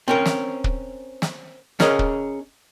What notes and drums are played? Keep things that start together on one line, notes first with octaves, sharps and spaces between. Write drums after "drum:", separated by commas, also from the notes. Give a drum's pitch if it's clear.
C4 C#4 A#4
drum: snare
drum: kick
drum: snare
C#4 G#4 A#4 D#5, drum: snare
drum: kick